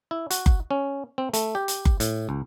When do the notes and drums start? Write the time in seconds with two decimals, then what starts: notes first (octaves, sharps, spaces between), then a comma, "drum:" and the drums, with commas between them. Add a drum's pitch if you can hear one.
0.11 E4
0.31 F#4, drum: hi-hat
0.46 drum: kick F#1
0.71 C#4
1.18 C4
1.34 A3, drum: hi-hat
1.55 G4
1.68 drum: hi-hat
1.85 drum: kick F#1
2.00 A2, drum: hi-hat
2.29 C#2